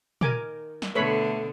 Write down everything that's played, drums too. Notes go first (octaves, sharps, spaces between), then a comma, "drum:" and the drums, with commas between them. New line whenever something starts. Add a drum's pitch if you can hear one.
D#3 A#4 G#5 D6, drum: tom
drum: snare
B2 D3 A3 A4 B4 C#5 B5